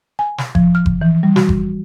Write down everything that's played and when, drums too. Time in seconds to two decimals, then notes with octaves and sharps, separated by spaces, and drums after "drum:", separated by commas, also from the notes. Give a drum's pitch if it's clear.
0.19 G#5
0.38 drum: snare
0.55 F3, drum: kick F#1
0.75 F6
0.86 drum: kick F#1
1.01 E3
1.23 G3
1.36 F#4, drum: snare
1.49 drum: kick F#1